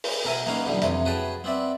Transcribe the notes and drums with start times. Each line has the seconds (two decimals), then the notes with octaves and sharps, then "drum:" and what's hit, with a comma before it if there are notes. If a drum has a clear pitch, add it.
0.04 drum: open hi-hat
0.25 B2 A#4 E5 G#5
0.46 A#3 B3 C#4 D#4 C#5 F5
0.66 B1 B2 D3 E3 G3
0.82 F2 C3 E3, drum: hi-hat
1.05 F#4 G#4 B4 C#5 G5 A5
1.44 B3 C4 D5 E5